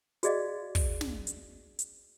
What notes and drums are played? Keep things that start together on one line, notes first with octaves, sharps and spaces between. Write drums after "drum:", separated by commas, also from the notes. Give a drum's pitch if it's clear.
F#4 G#4 D5 D#5 F5, drum: hi-hat
drum: kick, open hi-hat
drum: snare
drum: hi-hat
drum: hi-hat